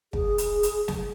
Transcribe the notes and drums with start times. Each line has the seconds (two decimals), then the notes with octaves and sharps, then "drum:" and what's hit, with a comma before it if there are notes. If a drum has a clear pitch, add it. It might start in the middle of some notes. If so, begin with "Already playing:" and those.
0.13 G#4, drum: kick
0.38 drum: hi-hat
0.63 drum: hi-hat
0.88 drum: snare